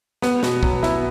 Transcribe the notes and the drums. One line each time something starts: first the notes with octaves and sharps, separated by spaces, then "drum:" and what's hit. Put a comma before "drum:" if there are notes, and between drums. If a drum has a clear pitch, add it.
B3, drum: snare
B2, drum: snare
F#3, drum: kick
E4, drum: snare